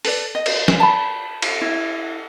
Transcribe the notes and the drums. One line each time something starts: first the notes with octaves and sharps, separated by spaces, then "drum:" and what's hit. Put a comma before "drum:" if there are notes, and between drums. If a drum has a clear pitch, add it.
A4 B4 D5, drum: open hi-hat
D#5
drum: cymbal
drum: snare
A5 B5
drum: cymbal
E4